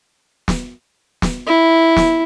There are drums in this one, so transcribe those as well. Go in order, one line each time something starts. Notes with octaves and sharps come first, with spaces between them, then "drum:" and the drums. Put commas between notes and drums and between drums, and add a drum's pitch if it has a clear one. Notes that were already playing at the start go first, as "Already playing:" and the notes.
drum: snare
drum: snare
E4
drum: snare